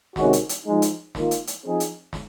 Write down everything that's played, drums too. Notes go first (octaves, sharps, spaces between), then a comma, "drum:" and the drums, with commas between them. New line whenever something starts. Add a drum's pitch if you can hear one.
C3 D#3 G#3 C#4 F#4, drum: snare
drum: hi-hat
drum: hi-hat
F3 G#3 D#4
drum: hi-hat
D#3 A#3 F4, drum: snare
drum: hi-hat
drum: hi-hat
F3 C4 D#4 G#4
drum: hi-hat
drum: snare